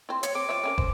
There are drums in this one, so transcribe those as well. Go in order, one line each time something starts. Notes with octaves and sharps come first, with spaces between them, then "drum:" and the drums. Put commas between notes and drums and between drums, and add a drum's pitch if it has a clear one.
C4 E4
C#5, drum: hi-hat
C4 D6
F3 C#5 E5
C4 C#4 A#4
C5, drum: kick